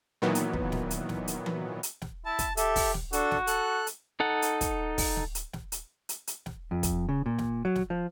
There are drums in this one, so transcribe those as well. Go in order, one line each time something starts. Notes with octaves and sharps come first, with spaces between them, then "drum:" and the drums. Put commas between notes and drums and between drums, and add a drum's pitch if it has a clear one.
A#2 D#3 E3 F#3 B3
drum: hi-hat
drum: kick
drum: snare
drum: hi-hat
drum: snare
drum: hi-hat
drum: tom E3
drum: hi-hat
drum: snare
E4 A5
drum: kick, hi-hat
G4 A4 E5, drum: hi-hat
drum: kick, open hi-hat
drum: snare
D4 F#4 A4, drum: hi-hat
drum: snare
A4 F#6, drum: hi-hat
drum: hi-hat
D#4 A4 F#5
drum: hi-hat
drum: kick, hi-hat
drum: kick, open hi-hat
drum: snare
drum: hi-hat
drum: snare
drum: hi-hat
drum: hi-hat
drum: hi-hat
drum: snare
F2
drum: kick, hi-hat
C#3
A#2
drum: snare
F#3
drum: snare
F3